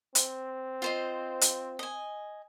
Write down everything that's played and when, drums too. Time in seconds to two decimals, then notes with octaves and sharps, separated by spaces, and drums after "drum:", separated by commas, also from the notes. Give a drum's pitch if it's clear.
0.15 C4, drum: hi-hat
0.82 F4 C5 D#5
1.41 drum: hi-hat
1.79 D#5 G#5